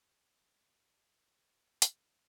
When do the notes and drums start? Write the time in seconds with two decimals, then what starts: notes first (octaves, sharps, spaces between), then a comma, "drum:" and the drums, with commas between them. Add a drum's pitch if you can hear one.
0.15 D5
1.40 C5
1.82 A4, drum: hi-hat